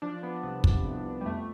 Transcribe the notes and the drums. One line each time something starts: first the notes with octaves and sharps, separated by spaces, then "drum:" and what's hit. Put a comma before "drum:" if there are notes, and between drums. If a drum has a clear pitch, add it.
F3 D4
F3 B3
C2 B3
C2, drum: kick
C2
C2
G3
F2 A3